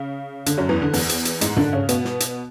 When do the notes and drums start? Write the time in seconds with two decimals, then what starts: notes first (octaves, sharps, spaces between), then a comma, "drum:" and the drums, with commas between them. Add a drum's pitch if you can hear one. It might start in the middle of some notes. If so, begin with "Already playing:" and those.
Already playing: C#3
0.46 D3, drum: hi-hat
0.57 F#2 F#3
0.69 E2 E3
0.82 D3
0.93 E2 E3, drum: open hi-hat
1.09 drum: hi-hat
1.25 drum: hi-hat
1.41 G#2 G#3, drum: hi-hat
1.57 D3 D4, drum: tom
1.73 C#3 C#4
1.89 B2 B3, drum: hi-hat
2.05 drum: snare
2.20 drum: hi-hat